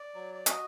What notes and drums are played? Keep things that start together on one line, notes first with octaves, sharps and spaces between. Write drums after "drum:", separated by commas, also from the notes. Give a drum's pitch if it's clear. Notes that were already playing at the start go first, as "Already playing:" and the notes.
Already playing: D5
F#3
D5
F#4 D#5, drum: hi-hat